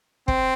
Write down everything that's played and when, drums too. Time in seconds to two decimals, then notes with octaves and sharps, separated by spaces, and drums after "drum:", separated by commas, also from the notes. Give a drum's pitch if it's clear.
0.28 C4, drum: kick